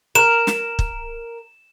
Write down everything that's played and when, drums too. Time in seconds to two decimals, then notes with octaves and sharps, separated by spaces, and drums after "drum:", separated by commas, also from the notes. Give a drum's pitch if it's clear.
0.15 A#4 E7
0.47 drum: snare
0.79 drum: kick